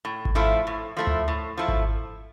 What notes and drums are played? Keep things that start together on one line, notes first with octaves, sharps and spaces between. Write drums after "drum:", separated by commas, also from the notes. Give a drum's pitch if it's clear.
A2
drum: kick G#1
F3 A3 E4
A2
F3 A3 E4
drum: tom D2
A2
F3 A3 E4
drum: kick G#1